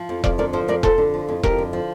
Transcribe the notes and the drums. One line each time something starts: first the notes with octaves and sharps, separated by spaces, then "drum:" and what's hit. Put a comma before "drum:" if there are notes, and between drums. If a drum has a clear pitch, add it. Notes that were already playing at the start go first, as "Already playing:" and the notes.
Already playing: F3
F2
F2 D5 F5, drum: kick E1
D3 A#4 D5
F3 A4 C5
F2 A#4 D5
F2 A4 C5, drum: kick E1
D3
F3
F2
F2 G4 A#4, drum: kick E1
D3
F3